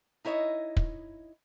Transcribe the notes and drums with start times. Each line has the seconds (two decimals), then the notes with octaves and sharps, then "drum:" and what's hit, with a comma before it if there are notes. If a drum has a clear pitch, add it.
0.25 D#4 E4 C#5 D#5
0.77 drum: kick